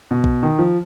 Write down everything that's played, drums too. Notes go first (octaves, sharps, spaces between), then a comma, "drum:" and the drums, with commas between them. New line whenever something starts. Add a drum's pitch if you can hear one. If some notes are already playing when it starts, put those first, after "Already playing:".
B2
drum: kick A#1
D#3
F3